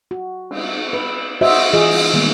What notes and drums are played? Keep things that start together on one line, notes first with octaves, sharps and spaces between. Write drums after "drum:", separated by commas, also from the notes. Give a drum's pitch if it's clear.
F#4
drum: cymbal
B4
F#4 C5 D#5 E5, drum: cymbal
E3 F4 G#4 D#5
drum: cymbal
D#3 G3 G#3 A#3 B3